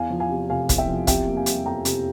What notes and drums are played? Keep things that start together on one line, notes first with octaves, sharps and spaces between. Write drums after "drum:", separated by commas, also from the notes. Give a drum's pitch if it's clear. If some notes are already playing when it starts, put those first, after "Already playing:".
Already playing: E2 F5 G#5
F3
F5 G#5
C3
F1 F5 G#5
E2, drum: kick, hi-hat
E5 G5
F3
C3 E5 G5, drum: kick, hi-hat
A#3
F5 G#5
G3, drum: hi-hat
F2 G5 A#5
C3, drum: hi-hat